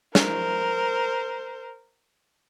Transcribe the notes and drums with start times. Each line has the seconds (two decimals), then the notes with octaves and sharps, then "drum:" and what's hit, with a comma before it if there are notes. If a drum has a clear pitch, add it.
0.15 A#4 C5, drum: snare